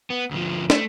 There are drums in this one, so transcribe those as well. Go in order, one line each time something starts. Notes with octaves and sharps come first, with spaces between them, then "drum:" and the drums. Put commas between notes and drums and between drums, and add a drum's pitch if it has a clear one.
B3
D2 F3
A3, drum: snare